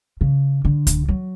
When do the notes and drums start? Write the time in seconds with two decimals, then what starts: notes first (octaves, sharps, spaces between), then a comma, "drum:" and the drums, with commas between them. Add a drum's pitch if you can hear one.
0.21 C#3
0.65 D3
0.87 drum: kick C#2, hi-hat
1.08 F#3